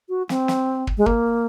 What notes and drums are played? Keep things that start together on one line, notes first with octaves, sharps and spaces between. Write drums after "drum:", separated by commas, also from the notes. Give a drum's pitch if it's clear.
F#4
C4, drum: snare
drum: snare
drum: kick
G#3
A#3, drum: kick